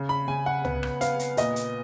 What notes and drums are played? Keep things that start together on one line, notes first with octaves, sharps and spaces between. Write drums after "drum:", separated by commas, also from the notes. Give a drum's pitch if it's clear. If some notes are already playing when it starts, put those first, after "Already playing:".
Already playing: C#3
B5
C#3 G#5
F#5
B3, drum: tom
drum: rim click
B3 F5, drum: hi-hat
drum: hi-hat
A#2 D#5, drum: hi-hat
drum: hi-hat